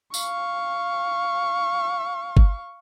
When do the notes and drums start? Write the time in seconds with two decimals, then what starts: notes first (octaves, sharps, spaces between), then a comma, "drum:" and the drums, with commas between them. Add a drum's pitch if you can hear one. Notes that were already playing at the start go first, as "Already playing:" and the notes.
0.14 F5 C#6, drum: tambourine
2.37 drum: kick G1